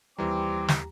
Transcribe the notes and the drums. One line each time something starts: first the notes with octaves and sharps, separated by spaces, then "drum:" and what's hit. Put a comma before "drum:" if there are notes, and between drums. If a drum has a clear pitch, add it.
D#2 E3 G3 C4 G4 A#5 D6
drum: snare